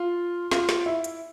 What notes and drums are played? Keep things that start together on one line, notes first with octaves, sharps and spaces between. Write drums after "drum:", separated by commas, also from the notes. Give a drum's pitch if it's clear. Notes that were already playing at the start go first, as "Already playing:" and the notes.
Already playing: F4
F4, drum: snare
drum: snare
E4
drum: hi-hat